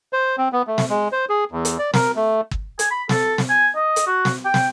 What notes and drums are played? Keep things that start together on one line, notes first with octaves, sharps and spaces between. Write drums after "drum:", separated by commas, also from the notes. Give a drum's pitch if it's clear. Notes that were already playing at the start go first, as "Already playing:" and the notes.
C5
C4
B3
A3
drum: snare
G#3
C5
G#4
E2
drum: hi-hat
D5
A#4, drum: snare
A3
drum: kick
G#5, drum: hi-hat
B5
A4, drum: snare
drum: snare
G#5
D#5
drum: hi-hat
F#4
drum: snare
G5
drum: snare